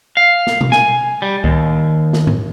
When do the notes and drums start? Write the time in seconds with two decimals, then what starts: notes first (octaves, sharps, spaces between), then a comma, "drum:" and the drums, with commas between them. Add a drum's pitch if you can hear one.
0.17 F5
0.47 drum: snare
0.61 drum: tom B2
0.72 G#5, drum: snare
1.22 G3
1.44 D#2, drum: kick C#2
2.13 drum: snare
2.27 drum: tom G2